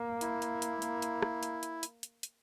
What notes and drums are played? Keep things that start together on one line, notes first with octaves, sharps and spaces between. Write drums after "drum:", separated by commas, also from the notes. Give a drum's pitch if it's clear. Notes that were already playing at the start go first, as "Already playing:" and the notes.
Already playing: A#3
E4, drum: hi-hat
drum: hi-hat
drum: hi-hat
A#3, drum: hi-hat
drum: hi-hat
drum: rim click
drum: hi-hat
drum: hi-hat
drum: hi-hat
drum: hi-hat
drum: hi-hat